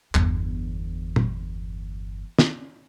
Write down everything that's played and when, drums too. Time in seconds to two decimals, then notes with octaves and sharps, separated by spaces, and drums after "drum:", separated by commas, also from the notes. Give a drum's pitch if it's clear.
0.15 G1 E2, drum: clap
1.16 drum: tom A#2
2.39 drum: snare